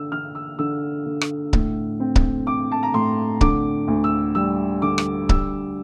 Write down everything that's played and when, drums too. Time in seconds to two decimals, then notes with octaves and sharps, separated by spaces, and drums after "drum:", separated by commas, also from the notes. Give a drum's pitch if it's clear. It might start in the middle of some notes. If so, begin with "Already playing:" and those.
Already playing: D3 E6
0.12 D3 F6
0.35 E6
0.59 D3 E6
1.06 D3
1.21 drum: rim click
1.53 A2, drum: kick C#1
2.00 C4
2.16 drum: kick C#1
2.47 C4 D6
2.72 A5
2.83 A#5
2.94 A2 C6
3.41 D3 D6, drum: kick C#1
3.88 D2
4.04 E6
4.35 G3 E6
4.82 D3 D6
4.98 drum: rim click
5.29 G3 E6, drum: kick C#1